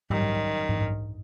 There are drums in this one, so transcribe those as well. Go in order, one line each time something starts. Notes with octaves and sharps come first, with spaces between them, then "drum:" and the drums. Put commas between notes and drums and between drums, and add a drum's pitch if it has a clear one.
F#2 D#3 G3, drum: tom G#2
drum: tom G#2